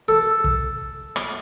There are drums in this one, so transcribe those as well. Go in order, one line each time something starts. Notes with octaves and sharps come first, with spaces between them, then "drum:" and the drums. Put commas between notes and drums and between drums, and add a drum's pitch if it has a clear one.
A4
drum: kick
drum: rim click